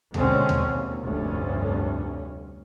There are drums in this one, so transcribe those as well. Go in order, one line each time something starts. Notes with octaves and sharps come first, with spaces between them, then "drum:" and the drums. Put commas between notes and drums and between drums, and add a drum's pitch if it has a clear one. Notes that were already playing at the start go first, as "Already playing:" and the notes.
A#1 B2 D3 G#3 C4 C#4, drum: tom D#2
drum: tom D#2
D#2
F1 D2 G2 C#4